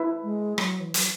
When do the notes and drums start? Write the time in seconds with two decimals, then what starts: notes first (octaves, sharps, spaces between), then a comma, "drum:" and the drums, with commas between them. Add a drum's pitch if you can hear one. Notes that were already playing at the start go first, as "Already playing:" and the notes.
Already playing: E4 B4 E5
0.23 G#3
0.58 F#3, drum: rim click
0.80 E3
0.94 F#3, drum: hi-hat